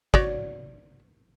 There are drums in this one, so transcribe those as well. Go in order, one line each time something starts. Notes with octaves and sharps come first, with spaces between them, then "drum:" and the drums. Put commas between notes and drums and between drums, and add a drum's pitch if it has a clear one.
F#4 C#5 D5, drum: kick